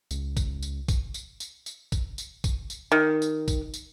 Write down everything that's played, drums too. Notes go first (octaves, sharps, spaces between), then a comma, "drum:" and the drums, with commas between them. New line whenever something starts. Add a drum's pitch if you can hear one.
C#2, drum: tambourine
drum: kick A1, tambourine
drum: tambourine
drum: kick A1, tambourine
drum: tambourine
drum: tambourine
drum: tambourine
drum: kick A1, tambourine
drum: tambourine
drum: kick A1, tambourine
drum: tambourine
D#3
drum: tambourine
drum: kick A1, tambourine
drum: tambourine